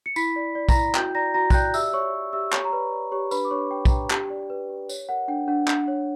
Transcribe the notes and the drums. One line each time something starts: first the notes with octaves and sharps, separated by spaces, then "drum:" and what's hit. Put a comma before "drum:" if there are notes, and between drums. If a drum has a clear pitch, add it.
C#7
E4 B5 B6, drum: tambourine
D5
D5
A#5 A#6, drum: kick, tambourine
E4
F#4 G5 G6, drum: clap
D5 A#5 A#6
F#4 A#5 A#6
F#6, drum: kick, tambourine
D5 G5 G6
G4 E5 E6, drum: tambourine
C#5 C#6
C#5
G4 E5 E6
G4 C#5 C#6, drum: clap
A#5
B4 D5 B5
D5
G4 C#5 C#6
D4 B4 B5, drum: tambourine
D6
D4 C#5 C#6
D4 G5
A#5, drum: kick, tambourine
D4 G5
G4, drum: clap
D5
B4
G4
C#5, drum: tambourine
A#4 F#5
D4 G5
D4 F#5
D4, drum: clap
C#5